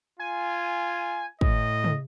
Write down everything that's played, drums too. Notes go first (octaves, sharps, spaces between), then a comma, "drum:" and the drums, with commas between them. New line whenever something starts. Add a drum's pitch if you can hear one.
F4 G#5
A2 D#5, drum: kick
drum: tom